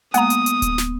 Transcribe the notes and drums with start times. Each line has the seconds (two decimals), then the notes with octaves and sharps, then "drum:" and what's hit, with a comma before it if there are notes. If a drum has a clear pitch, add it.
0.14 G#3 A#3 B3 F#5 A#5 D#6, drum: hi-hat
0.30 drum: hi-hat
0.46 drum: hi-hat
0.62 drum: kick D1, hi-hat
0.78 drum: snare